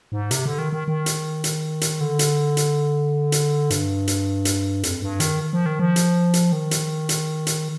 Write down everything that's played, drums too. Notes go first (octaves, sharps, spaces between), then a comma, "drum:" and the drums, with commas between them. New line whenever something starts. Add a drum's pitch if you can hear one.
G#2
C3, drum: hi-hat
D3
D#3
D#3
D#3
drum: hi-hat
drum: hi-hat
drum: hi-hat
D3
drum: hi-hat
drum: hi-hat
drum: hi-hat
G2, drum: hi-hat
drum: hi-hat
drum: hi-hat
F2, drum: hi-hat
G2
D#3, drum: hi-hat
F3
D#3
F3
drum: hi-hat
drum: hi-hat
D#3
drum: hi-hat
drum: hi-hat
drum: hi-hat